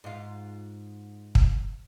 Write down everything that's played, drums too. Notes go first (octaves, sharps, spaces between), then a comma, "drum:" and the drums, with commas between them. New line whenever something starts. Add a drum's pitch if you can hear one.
G#2 F4
drum: kick